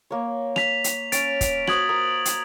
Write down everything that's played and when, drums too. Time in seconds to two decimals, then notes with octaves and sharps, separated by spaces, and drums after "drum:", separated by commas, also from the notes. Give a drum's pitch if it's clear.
0.11 A#3 C#5
0.56 B6 F7, drum: rim click
0.84 drum: hi-hat
1.12 C#4 A6 D7, drum: hi-hat
1.41 drum: kick, hi-hat
1.67 F#4 C5 D#6 G#6 F#7, drum: rim click
1.89 A#4 D#6
2.25 drum: hi-hat